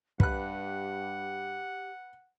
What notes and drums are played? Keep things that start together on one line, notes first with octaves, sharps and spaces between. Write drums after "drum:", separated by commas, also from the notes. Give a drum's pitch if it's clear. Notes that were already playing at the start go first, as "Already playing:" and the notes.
G2 G4 B4 F#5 F#6, drum: kick